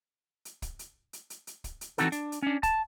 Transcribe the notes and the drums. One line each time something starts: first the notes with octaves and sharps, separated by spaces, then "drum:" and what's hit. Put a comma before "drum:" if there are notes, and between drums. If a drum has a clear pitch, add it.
drum: hi-hat
drum: kick, hi-hat
drum: hi-hat
drum: hi-hat
drum: hi-hat
drum: hi-hat
drum: kick, hi-hat
drum: hi-hat
E3 F#3 C4 D#4 F#4 A4, drum: hi-hat
D4, drum: hi-hat
drum: hi-hat
C#4 D4
A5, drum: kick, hi-hat